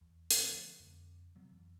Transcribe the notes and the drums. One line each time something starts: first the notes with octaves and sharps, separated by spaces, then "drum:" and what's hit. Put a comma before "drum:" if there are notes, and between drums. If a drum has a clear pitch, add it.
E2
drum: hi-hat
D3 F3 A3
F2 D3
C3 F#3 B3 C4
F2 E3